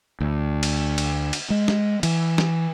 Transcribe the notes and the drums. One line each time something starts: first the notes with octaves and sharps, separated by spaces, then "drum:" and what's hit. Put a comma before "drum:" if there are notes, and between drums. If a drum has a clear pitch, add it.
D2
drum: cymbal
drum: cymbal
drum: cymbal
G#3
drum: snare
E3, drum: cymbal
drum: snare